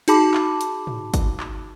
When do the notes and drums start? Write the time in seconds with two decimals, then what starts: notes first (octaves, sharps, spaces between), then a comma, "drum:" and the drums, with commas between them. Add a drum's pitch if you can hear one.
0.08 D#4 F#4 G#4 A5 B5 D6, drum: hi-hat
0.34 drum: clap
0.61 drum: hi-hat
0.87 drum: tom
1.14 drum: kick, hi-hat
1.40 drum: clap